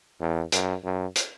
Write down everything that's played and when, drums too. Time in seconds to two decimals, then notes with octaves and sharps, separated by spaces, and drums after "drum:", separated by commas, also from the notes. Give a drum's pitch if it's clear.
0.20 E2
0.52 F#2, drum: hi-hat
0.84 F#2
1.15 drum: hi-hat